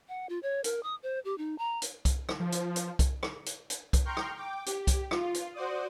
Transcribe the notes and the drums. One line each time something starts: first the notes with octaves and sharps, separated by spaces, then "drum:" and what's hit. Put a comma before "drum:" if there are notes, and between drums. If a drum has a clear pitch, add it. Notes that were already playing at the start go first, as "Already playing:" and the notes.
F#5
F4
C#5
A#4, drum: hi-hat
D#6
C5
G4
D#4
A#5
drum: hi-hat
drum: kick C2, hi-hat
drum: rim click
F3
drum: hi-hat
drum: hi-hat
drum: kick C2, hi-hat
drum: rim click
drum: hi-hat
drum: hi-hat
drum: kick C2, hi-hat
G5 A#5 C6 C#6 F6 G6
drum: rim click
G5 D6
G4, drum: hi-hat
drum: kick C2, hi-hat
F4, drum: rim click
drum: hi-hat
F#4 C5 D5 D#6